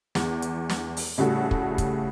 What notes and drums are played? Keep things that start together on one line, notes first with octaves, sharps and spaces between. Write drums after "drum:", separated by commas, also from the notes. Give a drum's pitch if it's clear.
E2, drum: snare
drum: hi-hat
drum: snare
drum: open hi-hat
A2 C#3 G3 F#4 A4
drum: kick
drum: kick, hi-hat